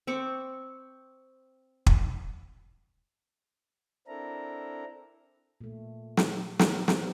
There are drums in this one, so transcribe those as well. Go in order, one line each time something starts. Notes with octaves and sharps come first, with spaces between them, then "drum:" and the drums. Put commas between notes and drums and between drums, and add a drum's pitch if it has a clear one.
C4 C#6 D6
drum: kick
C4 D4 E4 A4 A#4 A#5
A#2 A3
drum: snare
F3 F#3 B3 A#4 B4, drum: snare
E3 G3 B3 C4, drum: snare